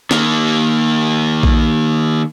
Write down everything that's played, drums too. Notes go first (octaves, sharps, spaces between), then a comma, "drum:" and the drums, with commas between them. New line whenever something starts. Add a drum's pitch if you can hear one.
D#3 A#3, drum: snare
drum: kick A#1